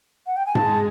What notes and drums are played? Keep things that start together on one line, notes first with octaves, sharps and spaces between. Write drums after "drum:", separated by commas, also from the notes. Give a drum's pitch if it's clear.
F#5
G5
G#5
G#3 A5, drum: tom G#2